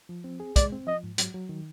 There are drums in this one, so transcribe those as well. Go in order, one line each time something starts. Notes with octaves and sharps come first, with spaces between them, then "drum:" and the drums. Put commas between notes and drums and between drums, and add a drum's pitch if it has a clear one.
F3
C4
G#4
G#3 D5, drum: kick, hi-hat
C4
F3 D#5
G#2
F#3, drum: hi-hat
F#3
D#3